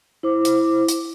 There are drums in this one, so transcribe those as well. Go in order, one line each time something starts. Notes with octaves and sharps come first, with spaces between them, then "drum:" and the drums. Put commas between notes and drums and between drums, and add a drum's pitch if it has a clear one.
E4 C5 D6
drum: hi-hat
drum: hi-hat